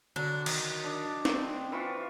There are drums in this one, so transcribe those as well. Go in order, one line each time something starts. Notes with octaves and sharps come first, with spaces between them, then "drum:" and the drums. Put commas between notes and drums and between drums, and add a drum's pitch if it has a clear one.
D3 F#3 D4
D#3 D#4, drum: cymbal
D4
C4, drum: snare
E3 F4 C#6